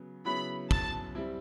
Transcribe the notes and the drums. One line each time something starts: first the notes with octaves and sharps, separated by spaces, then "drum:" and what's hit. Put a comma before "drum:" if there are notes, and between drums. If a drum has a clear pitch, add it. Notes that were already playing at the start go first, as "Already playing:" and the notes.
Already playing: C#3 F#3 B3
C#3 F#3 B3 E4 B5
A5, drum: kick
G3 C4 E4